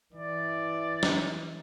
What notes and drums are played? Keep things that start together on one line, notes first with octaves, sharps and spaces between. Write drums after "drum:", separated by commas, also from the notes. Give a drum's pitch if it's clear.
E3 D5
drum: snare